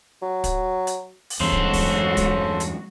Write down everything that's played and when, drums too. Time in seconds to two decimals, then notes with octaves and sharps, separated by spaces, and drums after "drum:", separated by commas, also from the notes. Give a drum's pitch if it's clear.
0.22 F#3
0.44 drum: kick, hi-hat
0.87 drum: hi-hat
1.30 drum: open hi-hat
1.40 E2 G2 C#3 F#3 G#3 F#4 A4 C5
1.52 drum: kick
1.73 drum: kick, open hi-hat
2.17 drum: kick, hi-hat
2.60 drum: hi-hat